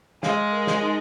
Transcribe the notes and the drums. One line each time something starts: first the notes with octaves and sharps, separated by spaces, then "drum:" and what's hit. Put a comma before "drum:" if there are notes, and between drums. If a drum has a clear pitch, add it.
G#3 F5, drum: snare
A#4
drum: snare
D#4